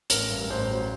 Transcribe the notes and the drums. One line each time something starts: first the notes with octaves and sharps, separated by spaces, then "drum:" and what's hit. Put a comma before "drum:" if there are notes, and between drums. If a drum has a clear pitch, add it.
A1 A#4, drum: hi-hat
G2
A1 C5
F#3